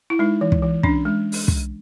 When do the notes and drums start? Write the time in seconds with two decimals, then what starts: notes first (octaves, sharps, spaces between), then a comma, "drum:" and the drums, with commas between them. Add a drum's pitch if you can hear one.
0.10 E4
0.19 G#3 D#4
0.41 E3
0.52 drum: kick
0.63 E3
0.83 C#4 D4, drum: kick
1.05 G#3
1.32 drum: open hi-hat
1.48 drum: kick